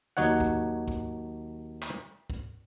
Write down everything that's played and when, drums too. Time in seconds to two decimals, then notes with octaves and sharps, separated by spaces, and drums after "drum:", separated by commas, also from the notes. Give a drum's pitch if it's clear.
0.17 D#2 F#3 D#4 C#5 F#5
0.40 drum: kick
0.88 drum: kick
1.82 drum: clap
2.30 drum: kick